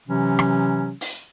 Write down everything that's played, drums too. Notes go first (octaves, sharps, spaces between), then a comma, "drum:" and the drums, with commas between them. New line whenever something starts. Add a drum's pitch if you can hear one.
C3 E3 F#3 C#4
drum: rim click
drum: open hi-hat